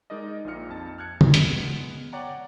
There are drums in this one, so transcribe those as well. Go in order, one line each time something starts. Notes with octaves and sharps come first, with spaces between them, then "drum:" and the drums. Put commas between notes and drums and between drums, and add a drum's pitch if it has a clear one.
G#3 D#4 A#4 D5 D#5
A#1 A#2 D#4 F4 F6 C#7
F2 A5 A6
F6 F#6 G#6 C#7
drum: tom C#3
G#3 B3, drum: hi-hat
C#5 D5 F#5 G5 A#5